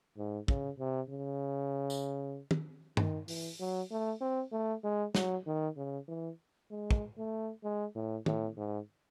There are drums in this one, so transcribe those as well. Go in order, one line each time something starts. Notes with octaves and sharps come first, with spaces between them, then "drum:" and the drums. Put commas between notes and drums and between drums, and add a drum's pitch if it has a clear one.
G#2
C#3, drum: kick
C3
C#3
drum: tambourine
drum: tom
D#3, drum: tom G2
E3, drum: open hi-hat
F#3
A3
C4
A3
G#3
F#3, drum: snare
D#3
C#3
E3
G#3
drum: kick
A3
G#3
A2
A2, drum: tom
G#2